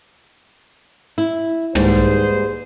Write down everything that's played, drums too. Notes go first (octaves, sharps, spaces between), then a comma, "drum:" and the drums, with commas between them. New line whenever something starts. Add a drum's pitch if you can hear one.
E4
D#2 G#2 G3 G#4 B4 C5, drum: tom